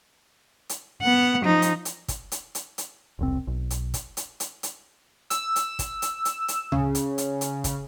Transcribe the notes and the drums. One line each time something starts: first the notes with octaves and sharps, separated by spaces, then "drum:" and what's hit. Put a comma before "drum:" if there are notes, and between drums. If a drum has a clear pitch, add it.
drum: hi-hat
B3 F#5
F3 D#4
drum: hi-hat
drum: hi-hat
drum: kick, hi-hat
drum: hi-hat
drum: hi-hat
drum: hi-hat
E1 C2 C4
B1
drum: hi-hat
drum: kick, hi-hat
drum: hi-hat
drum: hi-hat
drum: hi-hat
E6, drum: hi-hat
drum: hi-hat
drum: kick, hi-hat
drum: hi-hat
drum: hi-hat
drum: hi-hat
C#3, drum: tom C#2
drum: hi-hat
drum: hi-hat
drum: hi-hat
drum: kick, hi-hat